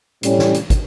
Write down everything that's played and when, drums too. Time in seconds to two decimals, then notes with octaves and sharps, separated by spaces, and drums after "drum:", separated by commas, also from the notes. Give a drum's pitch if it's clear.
0.23 A2 G3 C#4, drum: hi-hat
0.39 drum: snare
0.54 drum: hi-hat
0.70 drum: kick, hi-hat